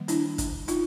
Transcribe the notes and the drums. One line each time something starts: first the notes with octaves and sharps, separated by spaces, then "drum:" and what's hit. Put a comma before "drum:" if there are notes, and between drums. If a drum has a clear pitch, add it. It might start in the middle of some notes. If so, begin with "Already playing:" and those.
Already playing: D#3 G3 A#3
D4 E4, drum: hi-hat
drum: kick, hi-hat
D#4 F4, drum: hi-hat